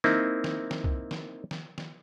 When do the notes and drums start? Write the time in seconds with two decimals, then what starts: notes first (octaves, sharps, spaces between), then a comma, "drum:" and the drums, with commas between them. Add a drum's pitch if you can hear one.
0.04 A#3 C4 D#4 E4, drum: snare
0.44 drum: snare
0.71 drum: snare
0.84 drum: kick
1.11 drum: snare
1.51 drum: snare
1.78 drum: snare